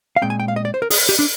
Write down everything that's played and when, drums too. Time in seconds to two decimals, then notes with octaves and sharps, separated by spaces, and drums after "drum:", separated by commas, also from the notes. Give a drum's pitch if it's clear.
0.16 F5
0.22 A#2 G#3 C4 G5
0.30 G#5
0.40 G5
0.48 F5
0.56 D#5
0.65 D5
0.74 C5
0.82 A#4
0.90 G#4, drum: open hi-hat
1.09 G4
1.19 D4